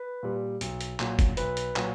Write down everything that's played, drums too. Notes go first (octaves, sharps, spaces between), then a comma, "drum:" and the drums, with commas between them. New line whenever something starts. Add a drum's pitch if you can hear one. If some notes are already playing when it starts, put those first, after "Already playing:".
Already playing: B4
A#2 G3
B1, drum: hi-hat
drum: hi-hat
A#2 F#3, drum: clap
drum: kick, hi-hat
B1 B4, drum: hi-hat
drum: hi-hat
A#2 F#3, drum: clap